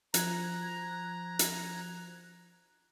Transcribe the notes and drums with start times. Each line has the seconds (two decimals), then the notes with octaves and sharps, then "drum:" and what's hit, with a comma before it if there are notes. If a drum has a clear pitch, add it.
0.14 F3 A#5 F#6 G#6, drum: hi-hat
1.39 drum: hi-hat